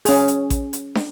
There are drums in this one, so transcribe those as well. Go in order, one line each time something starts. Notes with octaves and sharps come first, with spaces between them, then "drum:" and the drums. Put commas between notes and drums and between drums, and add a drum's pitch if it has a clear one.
C#4 G#4, drum: open hi-hat
drum: hi-hat
drum: kick A1, hi-hat
drum: hi-hat
drum: snare